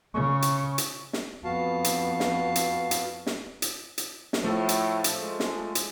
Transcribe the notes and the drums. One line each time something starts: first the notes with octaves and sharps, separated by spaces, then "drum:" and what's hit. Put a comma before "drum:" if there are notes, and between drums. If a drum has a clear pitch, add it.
C#3 C#6
drum: hi-hat
drum: hi-hat
drum: snare
F2 B3 F#4 F5 A5
drum: hi-hat
drum: snare
drum: hi-hat
drum: hi-hat
drum: snare
drum: hi-hat
drum: hi-hat
drum: snare
A2 F3 A3 A4
drum: hi-hat
drum: hi-hat
G#3
drum: snare
drum: hi-hat